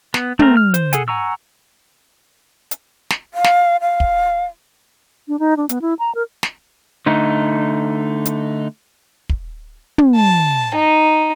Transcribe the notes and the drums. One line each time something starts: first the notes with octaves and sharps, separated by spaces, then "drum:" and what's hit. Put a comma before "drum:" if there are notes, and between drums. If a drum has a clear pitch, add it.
B3, drum: snare
A3 C4 A#4, drum: tom
F6
C5, drum: hi-hat
G#4 A4 F#5 G#5, drum: hi-hat
F#5 G#5 A#5 C#6 E6
drum: hi-hat
drum: snare
F5
drum: snare
F5
drum: kick
D4
D#4
D4
B3, drum: hi-hat
E4
A#5
A#4
drum: snare
D3 A3 D#4
drum: hi-hat
drum: kick
drum: tom
A5
D#4